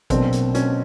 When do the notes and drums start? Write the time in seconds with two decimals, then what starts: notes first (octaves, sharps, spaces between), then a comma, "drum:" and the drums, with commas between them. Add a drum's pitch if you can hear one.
0.10 B2 F#3 A#3 C4 D4, drum: kick A1, hi-hat
0.32 drum: hi-hat
0.55 C#4, drum: hi-hat